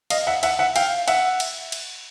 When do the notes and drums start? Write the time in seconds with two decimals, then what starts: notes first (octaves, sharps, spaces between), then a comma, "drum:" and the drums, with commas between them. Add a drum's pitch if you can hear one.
0.10 D#5 F5, drum: cymbal
0.27 E5 F#5
0.43 E5 F#5, drum: cymbal
0.59 E5 F#5
0.76 F5 G5, drum: cymbal
1.08 E5 F#5, drum: cymbal
1.40 drum: cymbal
1.72 drum: cymbal